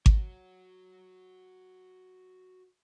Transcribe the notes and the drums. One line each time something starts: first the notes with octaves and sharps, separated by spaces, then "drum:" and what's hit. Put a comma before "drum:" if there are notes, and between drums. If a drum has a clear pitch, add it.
F#4 C#5, drum: kick G#1